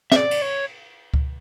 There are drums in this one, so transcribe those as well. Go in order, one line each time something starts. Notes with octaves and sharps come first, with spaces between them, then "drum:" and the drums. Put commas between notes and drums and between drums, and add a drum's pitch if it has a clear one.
E5, drum: snare
D5
drum: cymbal
C#5
drum: kick C#2